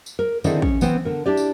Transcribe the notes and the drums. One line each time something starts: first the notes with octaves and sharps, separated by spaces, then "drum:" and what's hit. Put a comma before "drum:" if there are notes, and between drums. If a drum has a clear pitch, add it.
drum: tambourine
A#4
D3 D#3 C4 E4 G#4 D5, drum: tambourine
C#4, drum: kick A1
E3 B3 C4 G5, drum: tambourine
D3 A#4
D4 E4 G4 D5
drum: tambourine